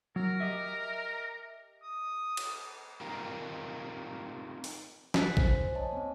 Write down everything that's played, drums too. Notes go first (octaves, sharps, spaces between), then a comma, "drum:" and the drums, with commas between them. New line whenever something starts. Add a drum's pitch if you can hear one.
F#3 A#4
G4 D#5 E5
D#6
drum: cymbal
C4 D#4 F4 G4 A#4
drum: open hi-hat
G#5 F#6 A6 B6, drum: snare
C5 G#5, drum: kick
C#5 D#5 G#5 A5
A#3 C4